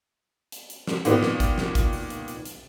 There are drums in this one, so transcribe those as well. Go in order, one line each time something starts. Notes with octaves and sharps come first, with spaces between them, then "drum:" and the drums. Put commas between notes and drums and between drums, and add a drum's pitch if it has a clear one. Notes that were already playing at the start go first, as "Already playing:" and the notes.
drum: hi-hat
drum: hi-hat
drum: snare
A#2 D#3 B3, drum: hi-hat
drum: snare
drum: kick G#1, hi-hat
drum: snare
drum: kick G#1, hi-hat
drum: open hi-hat
drum: hi-hat
drum: hi-hat
drum: hi-hat